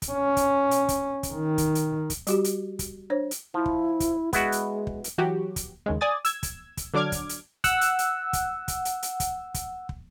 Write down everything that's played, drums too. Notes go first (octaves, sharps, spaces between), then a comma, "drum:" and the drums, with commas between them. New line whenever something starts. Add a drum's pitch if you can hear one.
drum: kick, hi-hat
C#4
drum: kick, hi-hat
drum: hi-hat
drum: kick, hi-hat
drum: kick, hi-hat
D#3
drum: kick, hi-hat
drum: hi-hat
drum: kick, hi-hat
G3 F#4 G4, drum: hi-hat
drum: hi-hat
drum: kick, hi-hat
D4 C5 C#5
drum: hi-hat
F3 E4
drum: kick
drum: kick, hi-hat
G#3 B3 E4 F#4, drum: kick, hi-hat
drum: hi-hat
drum: kick
drum: hi-hat
E3 F#3 F#4 G4
drum: kick, hi-hat
D#2 C#3 G#3
D5 G#5 D#6 A6
E6 G#6, drum: hi-hat
drum: kick, hi-hat
drum: kick, hi-hat
D3 F#3 D4 D6 F6 G#6
drum: kick, hi-hat
drum: hi-hat
F#5 E6, drum: kick, hi-hat
drum: hi-hat
drum: hi-hat
drum: kick, hi-hat
drum: kick, hi-hat
drum: hi-hat
drum: hi-hat
drum: kick, hi-hat
drum: kick, hi-hat
drum: kick